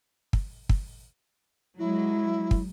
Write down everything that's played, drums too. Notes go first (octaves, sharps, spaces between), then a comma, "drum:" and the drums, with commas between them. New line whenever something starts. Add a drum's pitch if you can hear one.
drum: kick
drum: kick
F#3 G#3 E4
drum: kick